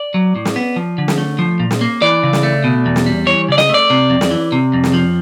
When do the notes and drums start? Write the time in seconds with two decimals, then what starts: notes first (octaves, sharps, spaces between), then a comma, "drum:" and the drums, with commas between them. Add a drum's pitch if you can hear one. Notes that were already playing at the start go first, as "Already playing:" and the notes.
Already playing: D5
0.14 F#3
0.36 A2
0.45 drum: snare
0.56 B3
0.76 F3
0.98 D3
1.08 drum: snare
1.18 A3
1.39 F3
1.60 A#2
1.71 drum: snare
1.81 A#3
2.02 E3 D5
2.23 C#3
2.33 drum: snare
2.43 A3
2.64 B2
2.86 E2
2.96 drum: snare
3.06 G3
3.26 E3 C#5
3.48 C#3 D5
3.58 D#5, drum: snare
3.69 A3 D5
3.90 C3
4.10 F2
4.21 drum: snare
4.31 E3
4.52 C3
4.74 F2
4.84 drum: snare
4.94 F3